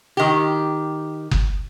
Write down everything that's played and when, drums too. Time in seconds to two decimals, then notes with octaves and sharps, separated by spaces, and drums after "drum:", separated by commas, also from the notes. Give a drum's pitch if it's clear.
0.17 D#3 G4
1.31 drum: kick F#1